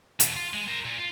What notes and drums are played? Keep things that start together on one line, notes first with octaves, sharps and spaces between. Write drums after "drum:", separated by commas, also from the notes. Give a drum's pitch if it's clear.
E2 B2, drum: hi-hat
F4
G#3
A#4 C5
A#2
F4